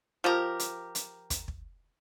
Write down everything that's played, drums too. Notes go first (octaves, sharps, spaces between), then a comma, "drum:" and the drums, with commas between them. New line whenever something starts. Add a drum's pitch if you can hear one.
F3 G4 A#4
drum: hi-hat
drum: hi-hat
drum: kick, hi-hat
drum: kick